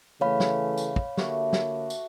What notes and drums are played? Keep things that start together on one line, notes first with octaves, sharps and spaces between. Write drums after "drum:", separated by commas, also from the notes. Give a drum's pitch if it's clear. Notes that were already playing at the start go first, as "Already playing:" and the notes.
C#3 E3 A3 C#5 F5 B5
drum: snare
drum: tambourine
drum: kick
D3 A3 A#3 F#4 G4, drum: snare
drum: snare
drum: tambourine